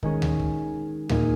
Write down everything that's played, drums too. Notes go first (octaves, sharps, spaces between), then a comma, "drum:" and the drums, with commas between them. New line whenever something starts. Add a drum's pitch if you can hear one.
D#3 G#3 C#4 G#4, drum: kick
drum: tom D2
drum: kick
A#2 A#3 D#4 G#4, drum: tom D2